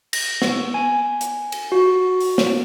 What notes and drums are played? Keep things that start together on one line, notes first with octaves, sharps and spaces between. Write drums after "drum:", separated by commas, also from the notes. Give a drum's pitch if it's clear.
A#6, drum: cymbal
B3, drum: snare
G#5
drum: hi-hat
drum: cymbal
F#4
drum: open hi-hat
drum: snare